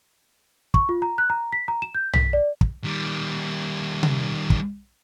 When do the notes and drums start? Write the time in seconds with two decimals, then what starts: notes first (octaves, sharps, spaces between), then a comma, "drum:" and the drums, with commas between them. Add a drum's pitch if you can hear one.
0.74 C#6, drum: kick
0.89 F4
1.02 A#5
1.18 F#6
1.30 A#5
1.52 B6
1.68 A#5
1.82 E7
1.95 G6
2.13 B6, drum: tom
2.33 D5
2.61 drum: kick
2.84 D#3 G3
4.03 drum: tom C3
4.50 drum: kick